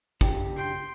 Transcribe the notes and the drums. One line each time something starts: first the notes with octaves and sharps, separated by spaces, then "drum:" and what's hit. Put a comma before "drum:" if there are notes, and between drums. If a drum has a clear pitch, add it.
C#3 D4 G4, drum: kick
G5 C6